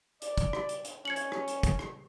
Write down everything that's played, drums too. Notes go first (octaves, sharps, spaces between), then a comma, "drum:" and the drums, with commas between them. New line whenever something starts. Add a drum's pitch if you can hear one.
D5, drum: hi-hat
drum: kick, hi-hat
drum: rim click
drum: hi-hat
drum: hi-hat
C#4 G#6 C#7 F#7
drum: hi-hat
drum: rim click
drum: hi-hat
drum: kick, hi-hat
drum: rim click